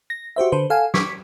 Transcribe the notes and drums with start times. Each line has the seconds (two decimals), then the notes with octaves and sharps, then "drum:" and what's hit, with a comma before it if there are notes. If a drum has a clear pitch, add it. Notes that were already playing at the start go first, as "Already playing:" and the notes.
0.10 A#6
0.36 F#4 G4 C5 E5
0.52 D3 B4 C5
0.70 A4 F5 F#5 G#5
0.94 C#6 D6 G#6 B6, drum: snare